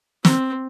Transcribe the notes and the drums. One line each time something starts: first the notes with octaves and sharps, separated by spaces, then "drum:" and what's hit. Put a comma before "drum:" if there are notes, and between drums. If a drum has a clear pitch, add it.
C4, drum: snare